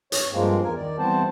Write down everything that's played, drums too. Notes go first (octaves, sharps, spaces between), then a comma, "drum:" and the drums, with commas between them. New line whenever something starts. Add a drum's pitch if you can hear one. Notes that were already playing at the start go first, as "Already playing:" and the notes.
C#5, drum: hi-hat
G2 F3 G#3 A#3 C4
E2 A#4 G#5
D#3 D5
E3 G3 B3 C4 C5 A5